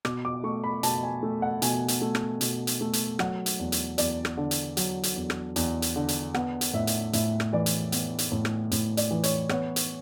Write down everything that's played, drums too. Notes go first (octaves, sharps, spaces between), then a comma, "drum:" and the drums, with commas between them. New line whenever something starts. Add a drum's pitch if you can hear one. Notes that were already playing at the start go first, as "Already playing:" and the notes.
B2 D6, drum: rim click
D6
A3 C#6
B5
B2 A5, drum: hi-hat
G#5
A3
F#5
B2 G#5, drum: hi-hat
drum: hi-hat
A3
drum: rim click
B2, drum: hi-hat
drum: hi-hat
A3
drum: hi-hat
F#3 F#5, drum: rim click
drum: hi-hat
E2
drum: hi-hat
E2 D5, drum: hi-hat
drum: rim click
D3
drum: hi-hat
F#3, drum: hi-hat
drum: hi-hat
E2
drum: rim click
E2, drum: hi-hat
drum: hi-hat
D3
drum: hi-hat
B3 F#5, drum: rim click
drum: hi-hat
A2 E5
drum: hi-hat
A2 E5, drum: hi-hat
drum: rim click
E3 D5
drum: hi-hat
B3, drum: hi-hat
drum: hi-hat
A2
drum: rim click
A2, drum: hi-hat
D5, drum: hi-hat
E3
C#5, drum: hi-hat
B3 C#5, drum: rim click
drum: hi-hat